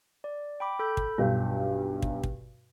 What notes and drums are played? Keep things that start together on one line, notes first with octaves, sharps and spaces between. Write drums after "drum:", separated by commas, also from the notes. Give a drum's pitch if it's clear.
D5
G5 B5 D6
A4 B5 G6
drum: kick
B1 G2 D4 F4
drum: kick
drum: kick